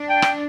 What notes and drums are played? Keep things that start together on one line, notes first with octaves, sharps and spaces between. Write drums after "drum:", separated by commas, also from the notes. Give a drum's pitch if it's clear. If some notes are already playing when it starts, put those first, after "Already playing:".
Already playing: D4
G5
drum: rim click